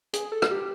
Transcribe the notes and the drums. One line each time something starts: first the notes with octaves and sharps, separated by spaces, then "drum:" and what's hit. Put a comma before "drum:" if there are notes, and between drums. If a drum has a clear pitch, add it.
G#4, drum: hi-hat
A4
drum: rim click
G4